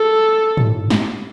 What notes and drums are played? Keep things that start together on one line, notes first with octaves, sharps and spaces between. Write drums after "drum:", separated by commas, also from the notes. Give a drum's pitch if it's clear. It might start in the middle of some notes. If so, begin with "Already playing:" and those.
Already playing: A4
drum: tom
drum: snare